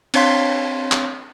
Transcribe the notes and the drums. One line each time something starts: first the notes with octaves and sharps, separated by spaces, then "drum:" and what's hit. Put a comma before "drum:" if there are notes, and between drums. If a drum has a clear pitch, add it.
C4 D4 C#5 F5 C6 B6, drum: cymbal
drum: clap